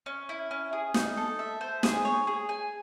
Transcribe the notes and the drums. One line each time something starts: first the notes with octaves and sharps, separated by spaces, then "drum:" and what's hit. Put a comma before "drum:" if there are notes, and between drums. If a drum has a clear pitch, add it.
C#4
E4
C#4
G#4
D#4, drum: snare
A4
E5
C5
G#4, drum: snare
C#5
G#4
G#5